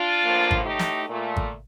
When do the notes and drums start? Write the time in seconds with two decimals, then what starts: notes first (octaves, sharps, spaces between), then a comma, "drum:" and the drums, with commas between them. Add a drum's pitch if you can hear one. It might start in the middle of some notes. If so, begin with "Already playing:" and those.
Already playing: D4 F4
0.23 A2 F3 A#3
0.51 drum: kick G#1
0.64 A2 A3 D#4 G4
0.79 drum: snare
1.08 A#2 A3
1.36 drum: kick G#1